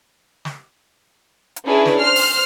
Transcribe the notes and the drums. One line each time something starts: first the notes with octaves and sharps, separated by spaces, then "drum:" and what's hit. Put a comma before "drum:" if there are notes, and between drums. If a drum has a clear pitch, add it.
drum: snare
drum: hi-hat
C#4 D4 E4 G#4 B4
drum: snare
C5 F6 C7
drum: open hi-hat